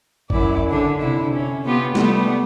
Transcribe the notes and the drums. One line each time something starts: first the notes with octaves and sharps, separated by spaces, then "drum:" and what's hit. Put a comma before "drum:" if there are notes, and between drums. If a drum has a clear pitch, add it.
F#2 E4 D5, drum: kick
D3 D4
C3 E4
C#4
B3 F4 G4
G3 A3 B3, drum: snare